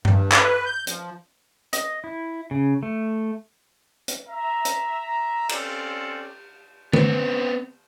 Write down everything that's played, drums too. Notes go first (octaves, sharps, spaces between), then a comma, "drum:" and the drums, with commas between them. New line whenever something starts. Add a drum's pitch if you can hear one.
G2, drum: tom G2
B4, drum: clap
G6
F3, drum: hi-hat
D#5, drum: hi-hat
E4
C#3
A3
drum: hi-hat
E5 A#5
drum: hi-hat
C4 C#4 F4 A4 D5, drum: cymbal
B3 C4, drum: tom